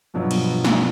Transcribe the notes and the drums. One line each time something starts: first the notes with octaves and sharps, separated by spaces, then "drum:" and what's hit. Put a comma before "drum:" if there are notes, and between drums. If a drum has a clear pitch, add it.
G2 B2 F3 F#3
drum: cymbal
drum: snare